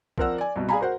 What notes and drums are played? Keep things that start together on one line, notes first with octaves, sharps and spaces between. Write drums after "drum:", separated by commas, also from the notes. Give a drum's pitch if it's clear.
F3 C4 A#4 D5 F#5 E6, drum: kick A#1
D5 G#5
C2 B2
G#4 D5 F5 G#5 A#5 B5
F#4 A#4 C5 F#5